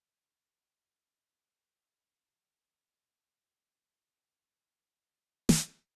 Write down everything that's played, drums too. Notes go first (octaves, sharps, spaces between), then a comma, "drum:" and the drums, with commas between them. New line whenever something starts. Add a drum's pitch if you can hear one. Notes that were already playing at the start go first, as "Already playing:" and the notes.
Already playing: C#3 G#3 C#4
G#4
E3
G#4
C4
D#4
D#4
D#4
D#4
D#3
A2
A2
E3
A3
D#3
A3
A2
D#4
A2
G#3
C4
C4
E3
F#4
C4
F#4
C4
A4
C#4
F#3
C#4
drum: snare